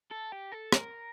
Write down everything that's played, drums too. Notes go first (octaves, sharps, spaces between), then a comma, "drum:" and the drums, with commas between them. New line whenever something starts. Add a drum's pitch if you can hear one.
A4
G4
A4
A#4, drum: rim click